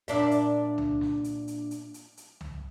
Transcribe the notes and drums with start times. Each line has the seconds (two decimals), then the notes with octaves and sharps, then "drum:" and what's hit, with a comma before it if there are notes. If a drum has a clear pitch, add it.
0.08 A#2 D4 E5, drum: hi-hat
0.31 drum: hi-hat
0.78 drum: tom C2
1.01 drum: snare
1.24 drum: hi-hat
1.48 drum: hi-hat
1.71 drum: hi-hat
1.94 drum: hi-hat
2.17 drum: hi-hat
2.41 drum: tom C2